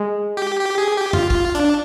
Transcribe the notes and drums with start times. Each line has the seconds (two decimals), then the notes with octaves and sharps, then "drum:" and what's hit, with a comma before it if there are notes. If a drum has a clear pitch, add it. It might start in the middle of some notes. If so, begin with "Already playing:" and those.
Already playing: G#3
0.37 G4
0.61 G4
0.78 G#4
0.96 G4
1.13 F4, drum: tom E2
1.30 F4, drum: kick
1.55 D4, drum: hi-hat